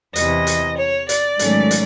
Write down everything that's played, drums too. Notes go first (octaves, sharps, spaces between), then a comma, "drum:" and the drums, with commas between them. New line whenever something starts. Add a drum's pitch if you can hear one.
E2 C3 E3 D#5, drum: hi-hat
drum: hi-hat
C#5
D5, drum: hi-hat
G#2 D#3 F#3 A3 C#4, drum: hi-hat
drum: hi-hat